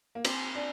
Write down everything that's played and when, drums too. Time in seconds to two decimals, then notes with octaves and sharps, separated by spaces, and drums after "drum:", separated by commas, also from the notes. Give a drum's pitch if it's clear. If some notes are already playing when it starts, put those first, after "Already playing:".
0.15 A#3
0.25 C4, drum: cymbal
0.55 D4